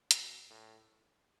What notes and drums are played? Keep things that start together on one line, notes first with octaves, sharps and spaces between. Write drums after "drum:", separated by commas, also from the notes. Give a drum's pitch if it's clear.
B2, drum: hi-hat
A2